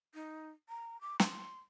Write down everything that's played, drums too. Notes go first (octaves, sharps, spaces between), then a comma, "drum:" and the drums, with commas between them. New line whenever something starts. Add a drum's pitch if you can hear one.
D#4
A#5
D6
C6, drum: snare